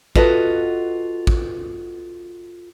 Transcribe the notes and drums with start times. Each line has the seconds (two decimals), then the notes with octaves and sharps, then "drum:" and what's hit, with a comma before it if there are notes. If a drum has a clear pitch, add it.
0.16 F4 F#4 A4 B4 D#5, drum: kick
1.27 drum: kick